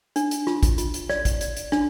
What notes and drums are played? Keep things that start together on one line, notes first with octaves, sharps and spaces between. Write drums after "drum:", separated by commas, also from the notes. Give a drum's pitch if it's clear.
D4, drum: hi-hat
drum: hi-hat
F4, drum: rim click
drum: kick, hi-hat
F4, drum: hi-hat
drum: hi-hat
D5, drum: rim click
drum: kick, hi-hat
D5, drum: hi-hat
drum: hi-hat
D4, drum: rim click